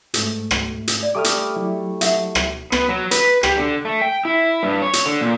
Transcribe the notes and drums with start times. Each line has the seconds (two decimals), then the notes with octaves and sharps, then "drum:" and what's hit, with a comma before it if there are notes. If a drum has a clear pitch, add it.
0.14 G#2 A3, drum: hi-hat
0.51 drum: rim click
0.88 drum: hi-hat
1.03 D5
1.15 G3 A3 D6 D#6 F6
1.24 drum: hi-hat
1.56 F#3 E4
2.01 E5 F#5, drum: hi-hat
2.35 drum: rim click
2.72 B3, drum: rim click
2.89 F#3
3.11 B4, drum: hi-hat
3.43 G4, drum: rim click
3.57 D3
3.85 A3
4.02 G5
4.25 E4
4.63 G2
4.82 C#5
4.93 drum: hi-hat
5.06 D3
5.21 A#2